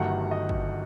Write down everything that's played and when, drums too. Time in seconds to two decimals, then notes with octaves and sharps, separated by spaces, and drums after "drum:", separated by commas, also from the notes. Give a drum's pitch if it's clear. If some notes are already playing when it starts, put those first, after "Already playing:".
Already playing: G1 G2 D#3 F#3 A3 F#5
0.31 D#5
0.49 drum: kick